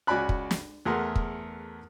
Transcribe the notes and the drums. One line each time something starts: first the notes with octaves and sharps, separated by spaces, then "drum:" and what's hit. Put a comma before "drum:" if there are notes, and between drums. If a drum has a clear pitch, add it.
C#2 F#4 D5 G#5 B5 F#6
drum: kick
drum: snare
E2 A3 G#4 A#4 F#5 C6
drum: kick